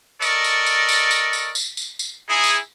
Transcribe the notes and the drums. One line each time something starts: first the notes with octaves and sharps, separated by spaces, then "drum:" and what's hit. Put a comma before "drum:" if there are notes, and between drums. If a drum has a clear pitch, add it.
A4 A#4 D5 D#5 C#6, drum: tambourine
drum: tambourine
drum: tambourine
drum: tambourine
drum: tambourine
drum: tambourine
drum: tambourine
drum: tambourine
drum: tambourine
D#4 E4 G#4
drum: tambourine